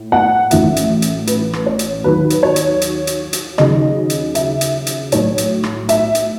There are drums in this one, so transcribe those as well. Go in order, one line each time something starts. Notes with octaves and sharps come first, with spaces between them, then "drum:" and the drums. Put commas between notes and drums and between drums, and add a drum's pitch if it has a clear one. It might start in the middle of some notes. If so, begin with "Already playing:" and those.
Already playing: A2
F#5
A1 A2 F#3 E5, drum: hi-hat
drum: hi-hat
drum: hi-hat
B4, drum: hi-hat
drum: rim click
C#5
drum: hi-hat
D#2 D#3 F#3 B4
drum: hi-hat
C#5
drum: hi-hat
drum: hi-hat
drum: hi-hat
drum: hi-hat
D#2 C#3 F#3 D#5, drum: rim click
drum: hi-hat
E5, drum: hi-hat
drum: hi-hat
drum: hi-hat
B1 A2 F#3 C#5, drum: hi-hat
drum: hi-hat
drum: rim click
E5, drum: hi-hat
drum: hi-hat